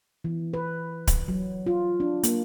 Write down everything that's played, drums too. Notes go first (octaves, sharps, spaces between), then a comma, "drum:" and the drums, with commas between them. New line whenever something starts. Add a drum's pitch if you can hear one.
E3
B4
drum: kick D1, hi-hat
F#3
F4
D4
A#3, drum: hi-hat